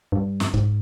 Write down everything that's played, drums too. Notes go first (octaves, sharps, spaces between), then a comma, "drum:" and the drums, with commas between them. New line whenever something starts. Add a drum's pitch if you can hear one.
G2
drum: snare
G#2, drum: kick